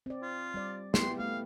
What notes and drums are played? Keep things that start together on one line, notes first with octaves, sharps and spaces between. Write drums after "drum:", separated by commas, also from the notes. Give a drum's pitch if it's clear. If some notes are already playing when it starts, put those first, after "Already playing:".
C4 D5
F4
G3 D5
B3 E4 G4 C6, drum: snare
A3 F5